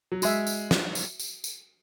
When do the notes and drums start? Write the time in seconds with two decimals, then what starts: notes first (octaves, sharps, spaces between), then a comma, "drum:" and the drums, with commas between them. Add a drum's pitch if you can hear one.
0.12 F#3
0.22 G#3 F#4 E5, drum: tambourine
0.47 drum: tambourine
0.71 drum: snare
0.95 drum: tambourine
1.20 drum: tambourine
1.44 drum: tambourine